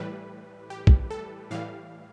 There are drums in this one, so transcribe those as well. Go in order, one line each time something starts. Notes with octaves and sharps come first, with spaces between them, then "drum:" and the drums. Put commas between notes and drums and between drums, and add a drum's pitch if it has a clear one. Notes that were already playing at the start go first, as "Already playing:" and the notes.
Already playing: A2 E3 G3 B4
G4
drum: kick
A4
A2 E3 G3 F5